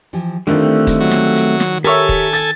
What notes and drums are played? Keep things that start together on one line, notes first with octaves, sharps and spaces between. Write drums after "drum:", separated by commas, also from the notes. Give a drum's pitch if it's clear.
E3 F3 G4
D3 D#3 G3 A3 C4 D#4 F4
drum: kick D#1, hi-hat
F#3
drum: snare
drum: hi-hat
drum: snare
G4 A4 A#4 C#5 E5 G#5 E6, drum: hi-hat
drum: kick D#1
A6, drum: hi-hat